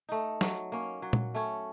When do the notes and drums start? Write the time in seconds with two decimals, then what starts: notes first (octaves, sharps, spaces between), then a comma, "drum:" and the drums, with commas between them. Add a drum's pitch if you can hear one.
0.09 A3 D#4
0.41 F#3, drum: snare
0.72 A#3 C#4
1.02 F#3
1.13 drum: tom A#2
1.35 A3 C#4